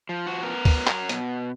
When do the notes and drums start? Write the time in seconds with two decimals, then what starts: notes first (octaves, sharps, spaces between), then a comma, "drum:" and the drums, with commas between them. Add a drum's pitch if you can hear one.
0.09 F3
0.26 F#4
0.43 B3 A#4
0.65 drum: kick D2, open hi-hat
0.77 F#3
0.88 drum: clap
1.09 B2, drum: hi-hat